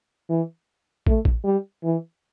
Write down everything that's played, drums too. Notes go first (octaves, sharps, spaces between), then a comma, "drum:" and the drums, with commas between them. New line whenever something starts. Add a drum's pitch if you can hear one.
E3
A3, drum: kick
drum: kick
G3
E3